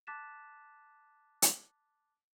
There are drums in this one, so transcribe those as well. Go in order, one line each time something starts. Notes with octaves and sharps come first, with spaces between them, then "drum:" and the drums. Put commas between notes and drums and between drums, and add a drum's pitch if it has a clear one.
A5 D6 F#6 A6 B6 E7
drum: hi-hat